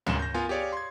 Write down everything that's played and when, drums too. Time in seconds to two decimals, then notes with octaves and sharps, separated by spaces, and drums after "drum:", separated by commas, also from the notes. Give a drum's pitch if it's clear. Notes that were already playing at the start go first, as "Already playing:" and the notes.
0.07 C#2 F#2 C#4 E7, drum: tom
0.19 G6 A#6
0.34 B3 F4 A#4 G#5
0.49 G4 G#4 C#5 D5 F5
0.73 C6 G#6